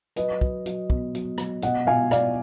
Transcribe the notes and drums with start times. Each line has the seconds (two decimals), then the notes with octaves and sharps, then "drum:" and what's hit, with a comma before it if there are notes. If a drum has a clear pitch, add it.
0.16 F#3 B4 D#5, drum: hi-hat
0.41 F#3, drum: kick
0.66 F#3, drum: hi-hat
0.90 B2, drum: kick
1.15 F#3, drum: hi-hat
1.38 F#3, drum: rim click
1.62 B2 D#5 F#5, drum: hi-hat
1.87 B2 F5 G#5
2.11 B2 D5 F5, drum: rim click